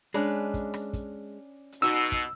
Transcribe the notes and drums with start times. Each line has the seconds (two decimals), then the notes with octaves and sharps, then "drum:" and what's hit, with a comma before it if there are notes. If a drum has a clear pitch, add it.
0.14 G#3 C#4 D4 B4, drum: hi-hat
0.54 drum: kick, hi-hat
0.74 drum: rim click
0.93 drum: kick, hi-hat
1.72 drum: hi-hat
1.82 B2 D#4 F#4 E6
2.12 drum: kick, hi-hat